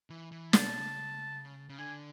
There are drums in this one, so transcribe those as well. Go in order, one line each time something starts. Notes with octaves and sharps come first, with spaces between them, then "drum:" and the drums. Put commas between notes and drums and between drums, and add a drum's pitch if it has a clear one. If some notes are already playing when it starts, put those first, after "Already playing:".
E3
E3
C#3 A5, drum: snare
B2
C#3
C#3
D3 G#5